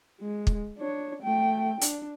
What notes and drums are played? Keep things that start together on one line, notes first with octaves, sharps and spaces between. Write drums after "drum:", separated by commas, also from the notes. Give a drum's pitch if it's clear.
G#3
drum: kick
D4 C#5
A3 G5
D4, drum: hi-hat